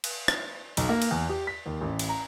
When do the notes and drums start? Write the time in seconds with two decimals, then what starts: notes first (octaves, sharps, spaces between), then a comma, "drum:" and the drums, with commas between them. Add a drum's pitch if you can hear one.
0.04 drum: cymbal
0.28 drum: rim click
0.77 B1, drum: cymbal
0.89 A#3
1.02 drum: cymbal
1.11 E2
1.29 G4
1.47 B6
1.66 D#2
1.81 A1
1.99 drum: cymbal
2.09 A#5